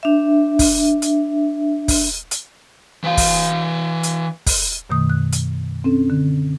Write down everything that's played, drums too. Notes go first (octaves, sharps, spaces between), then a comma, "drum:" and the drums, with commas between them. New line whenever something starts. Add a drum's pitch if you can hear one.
D4 E5
drum: kick, open hi-hat
drum: hi-hat
drum: kick, open hi-hat
drum: hi-hat
E3 F5
drum: kick, open hi-hat
drum: hi-hat
drum: kick, open hi-hat
F#2 B2 D#3 A3 D#6
F#6
drum: hi-hat
C4 C#4 A4
D3